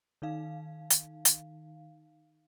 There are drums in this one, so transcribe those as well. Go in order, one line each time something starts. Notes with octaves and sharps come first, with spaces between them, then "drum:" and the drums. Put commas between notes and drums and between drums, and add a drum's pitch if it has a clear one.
D#3 D#4 F5
drum: hi-hat
drum: hi-hat